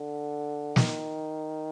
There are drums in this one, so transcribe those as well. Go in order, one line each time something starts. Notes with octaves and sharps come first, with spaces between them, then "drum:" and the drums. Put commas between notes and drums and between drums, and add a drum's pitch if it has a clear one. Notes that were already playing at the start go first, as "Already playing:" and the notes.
Already playing: D3
D#3, drum: snare